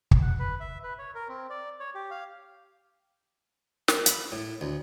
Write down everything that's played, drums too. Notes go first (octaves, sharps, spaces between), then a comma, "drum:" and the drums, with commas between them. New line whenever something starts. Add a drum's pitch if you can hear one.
drum: kick
F#5
B4
E5
B4
C#5
A#4
C4
D5
C#5
G4
F5
A#4, drum: snare
B5, drum: hi-hat
A2
D2